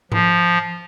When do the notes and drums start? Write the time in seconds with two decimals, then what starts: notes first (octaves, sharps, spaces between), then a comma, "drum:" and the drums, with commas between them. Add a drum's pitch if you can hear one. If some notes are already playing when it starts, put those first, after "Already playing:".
0.12 F3, drum: tom G#2